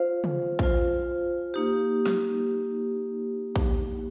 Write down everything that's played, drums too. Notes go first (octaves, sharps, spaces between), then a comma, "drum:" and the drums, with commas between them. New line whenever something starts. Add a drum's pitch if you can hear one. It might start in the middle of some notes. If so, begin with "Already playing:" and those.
Already playing: F4 C5 F5
drum: tom
F4 C5 F5, drum: kick A#1
A#3 D#4 G4
drum: snare
drum: kick A#1